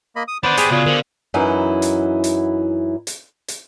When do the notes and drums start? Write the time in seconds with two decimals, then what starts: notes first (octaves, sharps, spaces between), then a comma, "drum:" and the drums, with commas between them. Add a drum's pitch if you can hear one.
0.16 A#3 D#5 B5
0.28 D#6
0.43 B3 D4 C5 D5 F#5 B5 D7
0.57 B3 G4 G#4 F#6, drum: hi-hat
0.71 C#3 B3 F4 F#4 G#4 D5
0.86 D3 A#4 C5 F5
1.34 F#2 E3 F#3 D#4 E4
1.82 drum: hi-hat
2.24 drum: hi-hat
3.07 drum: hi-hat
3.48 drum: hi-hat